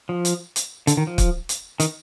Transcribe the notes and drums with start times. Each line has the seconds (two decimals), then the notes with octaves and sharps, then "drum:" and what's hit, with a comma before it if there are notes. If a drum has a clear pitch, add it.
0.09 F3
0.25 drum: hi-hat
0.56 drum: hi-hat
0.87 D3, drum: hi-hat
0.97 D#3
1.07 F3
1.18 drum: kick, hi-hat
1.49 drum: hi-hat
1.80 D#3, drum: hi-hat